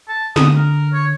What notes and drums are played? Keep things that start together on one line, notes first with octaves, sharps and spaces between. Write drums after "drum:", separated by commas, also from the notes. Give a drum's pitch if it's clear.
A5
D3 D#6, drum: snare
A#4
C#5